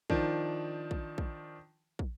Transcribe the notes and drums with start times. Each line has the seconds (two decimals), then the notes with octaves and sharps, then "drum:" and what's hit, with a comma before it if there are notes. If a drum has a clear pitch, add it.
0.10 D#3 F3 D4, drum: kick
0.91 drum: kick
1.18 drum: kick
1.99 drum: kick